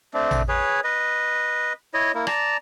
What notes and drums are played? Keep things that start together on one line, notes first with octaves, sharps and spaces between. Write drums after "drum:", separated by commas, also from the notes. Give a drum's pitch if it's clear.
A3 C4 D4
drum: tom A1
G#4 B4 C#5
B4 D#5
E4 C#5 D#5
A#3 E4
D5 A5 A#5, drum: rim click